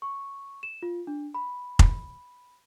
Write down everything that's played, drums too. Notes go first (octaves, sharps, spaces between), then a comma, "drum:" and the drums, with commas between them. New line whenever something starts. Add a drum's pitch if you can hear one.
C#6
E7
F4
D4
B5
drum: kick F1